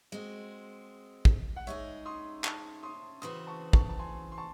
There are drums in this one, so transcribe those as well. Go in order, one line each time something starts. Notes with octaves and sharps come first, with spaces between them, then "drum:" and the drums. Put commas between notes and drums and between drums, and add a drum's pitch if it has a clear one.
G#3 C4 F#4 D#5
drum: kick
F#5
G#3 D#4 G#4 C#5 E5
C6 D#6
A5 C#6, drum: clap
C6 D#6
C#3 E3 C4 F#4 C6 D#6
A5 C#6
A5 C#6, drum: kick
A5
G#5 C6
C6
A5 C#6